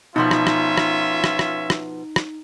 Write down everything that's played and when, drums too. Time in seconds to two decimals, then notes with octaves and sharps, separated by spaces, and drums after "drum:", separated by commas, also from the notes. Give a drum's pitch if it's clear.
0.16 B2 F3 B3 C#4 D#4 F4 E5
0.31 drum: rim click
0.47 drum: rim click
0.78 drum: rim click
1.24 drum: rim click
1.39 drum: rim click
1.70 drum: rim click
2.16 drum: rim click